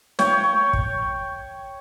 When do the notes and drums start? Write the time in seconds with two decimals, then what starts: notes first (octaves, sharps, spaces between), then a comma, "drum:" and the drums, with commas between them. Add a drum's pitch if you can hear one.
0.19 C#5 G5, drum: snare
0.73 drum: kick